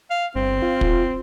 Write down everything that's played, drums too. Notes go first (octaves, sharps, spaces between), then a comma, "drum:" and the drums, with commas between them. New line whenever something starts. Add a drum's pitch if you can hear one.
F5
G1 C4
F4
drum: kick